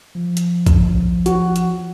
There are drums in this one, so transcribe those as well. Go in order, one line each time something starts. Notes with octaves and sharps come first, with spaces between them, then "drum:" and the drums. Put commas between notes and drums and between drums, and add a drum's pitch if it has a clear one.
F3
drum: hi-hat
drum: kick, hi-hat
F#4, drum: hi-hat
drum: hi-hat